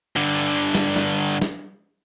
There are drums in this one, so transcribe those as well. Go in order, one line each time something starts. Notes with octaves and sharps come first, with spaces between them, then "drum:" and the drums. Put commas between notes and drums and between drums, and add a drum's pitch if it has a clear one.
G2 D3
drum: snare
drum: snare
drum: snare